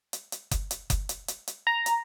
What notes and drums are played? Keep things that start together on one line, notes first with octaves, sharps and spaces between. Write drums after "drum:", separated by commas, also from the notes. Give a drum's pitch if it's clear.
drum: hi-hat
drum: hi-hat
drum: kick F#1, hi-hat
drum: hi-hat
drum: kick F#1, hi-hat
drum: hi-hat
drum: hi-hat
drum: hi-hat
A#5
drum: hi-hat